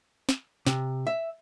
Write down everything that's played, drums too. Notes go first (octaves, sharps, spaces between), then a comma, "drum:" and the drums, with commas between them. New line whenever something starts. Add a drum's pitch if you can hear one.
drum: snare
C3, drum: snare
E5